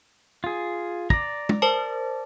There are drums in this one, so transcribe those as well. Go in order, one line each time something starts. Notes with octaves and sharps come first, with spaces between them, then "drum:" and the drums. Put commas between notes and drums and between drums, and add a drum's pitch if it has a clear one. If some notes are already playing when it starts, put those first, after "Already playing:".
F4 G#4
D5 A#5, drum: kick
drum: tom
A#4 C5 A5